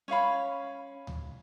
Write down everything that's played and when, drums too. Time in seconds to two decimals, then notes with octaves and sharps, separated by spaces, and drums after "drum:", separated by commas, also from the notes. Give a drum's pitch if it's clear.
0.08 C#4 C#5 F5 B5
1.07 drum: tom D2